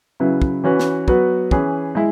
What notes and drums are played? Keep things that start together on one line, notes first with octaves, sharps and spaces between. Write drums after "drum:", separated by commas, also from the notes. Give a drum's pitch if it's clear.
C#3 F#3 E4 B4
drum: kick
E3 C#4 F#4 B4
drum: snare
F#3 B3 F#4 B4, drum: kick
E3 C#4 G#4 B4, drum: kick
G#3 E4